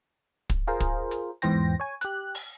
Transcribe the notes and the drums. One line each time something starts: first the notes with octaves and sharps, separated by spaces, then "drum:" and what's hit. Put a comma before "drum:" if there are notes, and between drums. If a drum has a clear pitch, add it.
drum: kick, hi-hat
F4 G#4 A#4 C5
drum: kick, hi-hat
drum: hi-hat
E2 G#2 E3 C5 G5 A#6, drum: hi-hat
C#5 G#5
G4 F#6, drum: hi-hat
drum: open hi-hat